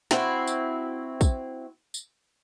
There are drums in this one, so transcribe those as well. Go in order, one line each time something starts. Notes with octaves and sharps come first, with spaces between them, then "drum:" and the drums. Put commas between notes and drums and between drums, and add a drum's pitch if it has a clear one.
C4 E4 F#4, drum: snare
drum: tambourine
drum: kick, tambourine
drum: tambourine